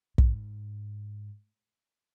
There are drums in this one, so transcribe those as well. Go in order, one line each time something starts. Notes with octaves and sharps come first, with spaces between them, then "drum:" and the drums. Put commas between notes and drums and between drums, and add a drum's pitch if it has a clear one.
G#2, drum: kick